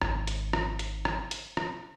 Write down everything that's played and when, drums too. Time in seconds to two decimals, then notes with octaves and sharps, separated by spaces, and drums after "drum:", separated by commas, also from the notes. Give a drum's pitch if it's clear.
0.02 G#1 D#3, drum: rim click
0.27 drum: hi-hat
0.53 drum: rim click
0.79 drum: hi-hat
1.05 drum: rim click
1.31 drum: hi-hat
1.57 drum: rim click